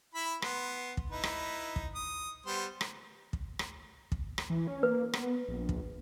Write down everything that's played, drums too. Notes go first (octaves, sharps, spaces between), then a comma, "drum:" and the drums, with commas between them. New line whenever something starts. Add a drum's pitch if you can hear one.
E4 B5
B3 C6, drum: rim click
drum: kick
D#4 E4 B4
drum: rim click
drum: kick
D#6
G3 B3 C5
drum: rim click
drum: kick
drum: rim click
drum: kick
drum: rim click
E3
C#4
A#3 B4
B3, drum: rim click
A#1
drum: kick